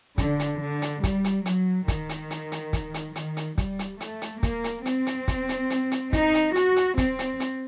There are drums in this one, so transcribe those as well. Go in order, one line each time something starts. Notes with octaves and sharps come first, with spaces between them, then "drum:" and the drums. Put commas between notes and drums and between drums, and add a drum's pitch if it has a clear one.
D3, drum: kick, hi-hat
drum: hi-hat
D3
drum: hi-hat
G3, drum: kick, hi-hat
drum: hi-hat
F#3, drum: hi-hat
D#3, drum: kick, hi-hat
drum: hi-hat
drum: hi-hat
drum: hi-hat
drum: kick, hi-hat
drum: hi-hat
D#3, drum: hi-hat
drum: hi-hat
G3, drum: kick, hi-hat
drum: hi-hat
A3, drum: hi-hat
drum: hi-hat
A#3, drum: kick, hi-hat
drum: hi-hat
C4, drum: hi-hat
drum: hi-hat
drum: kick, hi-hat
drum: hi-hat
drum: hi-hat
drum: hi-hat
D#4, drum: kick, hi-hat
drum: hi-hat
F#4, drum: hi-hat
drum: hi-hat
C4, drum: kick, hi-hat
drum: hi-hat
drum: hi-hat